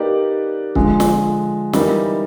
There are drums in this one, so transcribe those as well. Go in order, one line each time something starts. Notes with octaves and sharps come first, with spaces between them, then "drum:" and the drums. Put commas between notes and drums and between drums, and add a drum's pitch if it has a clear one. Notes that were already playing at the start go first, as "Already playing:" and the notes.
Already playing: A#3 D#4 G4 B4 D5
D3 F3 G#3, drum: kick C#1
drum: snare
E3 G3 A#3 D#4, drum: snare